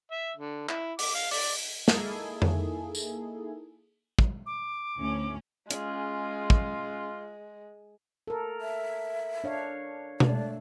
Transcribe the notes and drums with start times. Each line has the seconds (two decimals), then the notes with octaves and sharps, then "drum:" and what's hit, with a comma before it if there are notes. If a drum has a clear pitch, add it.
0.12 E5
0.37 D3
0.69 E4, drum: clap
0.99 D6, drum: open hi-hat
1.15 F5
1.31 D5, drum: open hi-hat
1.88 A#3 D#4 E4 G#4 A4, drum: snare
2.42 drum: tom F2
2.95 drum: tambourine
4.19 drum: kick
4.46 D6
4.98 D2 A2 C#4
5.71 G#3 C#4 F4 G#4, drum: hi-hat
6.50 drum: kick
8.27 A4 A#4
8.61 E5
9.44 D4 C#5 F5
10.20 A3 D4 D5, drum: tom B2